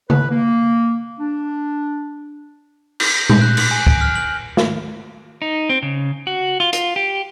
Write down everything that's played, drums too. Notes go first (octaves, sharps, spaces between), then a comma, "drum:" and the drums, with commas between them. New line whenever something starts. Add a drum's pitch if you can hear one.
B4, drum: tom C#3
A#3
D4
G6, drum: cymbal
A#6
G6, drum: tom A#2
F#6
F#7, drum: cymbal
G#5
D7, drum: kick
F6
F#7
drum: snare
D#4
C4
C#3
F#4
F4
F4, drum: hi-hat
G4